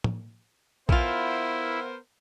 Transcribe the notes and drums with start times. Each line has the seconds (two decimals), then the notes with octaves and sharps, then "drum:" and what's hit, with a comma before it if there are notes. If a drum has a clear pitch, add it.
0.04 drum: tom
0.89 E3 B3 E4 F4 A#4 C5, drum: kick